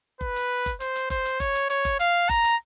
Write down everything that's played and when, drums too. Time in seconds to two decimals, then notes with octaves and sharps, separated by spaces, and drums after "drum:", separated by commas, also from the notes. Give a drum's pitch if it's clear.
0.21 B4, drum: kick F#1
0.36 drum: hi-hat
0.66 drum: kick F#1, hi-hat
0.80 C5, drum: hi-hat
0.96 drum: hi-hat
1.10 C5, drum: kick F#1, hi-hat
1.25 drum: hi-hat
1.40 C#5, drum: kick F#1, hi-hat
1.55 drum: hi-hat
1.70 C#5, drum: hi-hat
1.85 drum: kick F#1, hi-hat
2.00 F5, drum: hi-hat
2.29 A#5, drum: kick F#1, hi-hat
2.44 drum: hi-hat